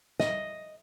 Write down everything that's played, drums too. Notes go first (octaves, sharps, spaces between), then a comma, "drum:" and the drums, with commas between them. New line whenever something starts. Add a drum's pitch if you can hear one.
D#5, drum: snare